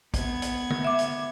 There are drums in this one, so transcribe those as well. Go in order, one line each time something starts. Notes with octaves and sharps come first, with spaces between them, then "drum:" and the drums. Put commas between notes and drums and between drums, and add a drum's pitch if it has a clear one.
B3 G#6, drum: kick A#1, hi-hat
drum: hi-hat
drum: tom
E5 D6
drum: hi-hat